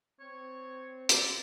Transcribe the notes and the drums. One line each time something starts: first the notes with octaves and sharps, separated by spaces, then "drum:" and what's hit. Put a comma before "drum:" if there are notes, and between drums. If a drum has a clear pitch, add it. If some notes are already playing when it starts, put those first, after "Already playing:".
C4 C#5
D5, drum: hi-hat